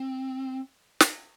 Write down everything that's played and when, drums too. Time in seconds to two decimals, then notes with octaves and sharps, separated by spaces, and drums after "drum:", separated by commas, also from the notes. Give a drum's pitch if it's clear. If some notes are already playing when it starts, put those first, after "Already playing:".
Already playing: C4
1.00 drum: snare